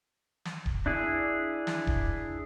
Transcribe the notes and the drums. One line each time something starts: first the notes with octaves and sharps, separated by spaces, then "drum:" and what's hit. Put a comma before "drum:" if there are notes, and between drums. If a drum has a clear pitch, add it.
drum: snare
drum: kick D1
D4 E4 G#4
drum: snare
drum: kick D1